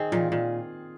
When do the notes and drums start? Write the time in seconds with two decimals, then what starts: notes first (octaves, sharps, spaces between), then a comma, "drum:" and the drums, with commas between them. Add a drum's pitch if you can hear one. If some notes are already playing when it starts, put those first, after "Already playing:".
Already playing: D#3 C4 G#4
0.12 A#2 F4, drum: tom E3
0.32 A#2